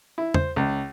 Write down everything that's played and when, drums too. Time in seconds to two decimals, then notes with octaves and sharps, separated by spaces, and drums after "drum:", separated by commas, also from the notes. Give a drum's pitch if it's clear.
0.18 E4
0.34 C5, drum: tom
0.56 C#2